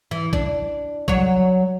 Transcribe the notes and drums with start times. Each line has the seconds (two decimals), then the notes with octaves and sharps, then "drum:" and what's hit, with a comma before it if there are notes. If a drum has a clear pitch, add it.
0.11 E3
0.33 D4, drum: kick A#1
1.08 F#3 C#5, drum: kick A#1